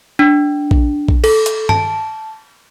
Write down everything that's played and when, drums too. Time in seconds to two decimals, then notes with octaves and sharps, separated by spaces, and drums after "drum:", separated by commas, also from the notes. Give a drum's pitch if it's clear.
0.19 D4
0.71 drum: kick A#1
1.08 drum: kick A#1
1.24 A4, drum: cymbal
1.46 drum: hi-hat
1.69 A5, drum: tom G2